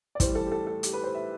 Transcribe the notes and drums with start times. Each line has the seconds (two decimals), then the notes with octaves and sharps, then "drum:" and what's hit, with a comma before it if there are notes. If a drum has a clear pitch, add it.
0.15 D5
0.20 A2 E3 G3 C5, drum: kick, hi-hat
0.35 A4
0.47 G4
0.51 A4
0.67 A4
0.83 G4, drum: hi-hat
0.93 B4
1.04 C5
1.15 E5